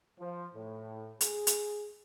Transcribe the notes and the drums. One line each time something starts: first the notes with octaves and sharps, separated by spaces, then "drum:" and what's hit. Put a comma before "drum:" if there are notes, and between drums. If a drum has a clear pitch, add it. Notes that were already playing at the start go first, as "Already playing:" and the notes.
F3
A2
G#4, drum: hi-hat
drum: hi-hat